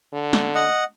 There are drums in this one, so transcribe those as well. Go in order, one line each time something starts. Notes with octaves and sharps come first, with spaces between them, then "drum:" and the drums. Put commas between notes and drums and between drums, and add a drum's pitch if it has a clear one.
D3
drum: snare
D#5 F#5